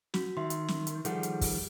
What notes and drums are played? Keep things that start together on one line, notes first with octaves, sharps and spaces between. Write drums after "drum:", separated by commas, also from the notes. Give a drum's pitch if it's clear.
F#4, drum: snare
D#3 E5 C6
drum: hi-hat
drum: snare
drum: hi-hat
D#3 F3 G3 G#4 A4 F#5, drum: hi-hat
drum: hi-hat
drum: kick, open hi-hat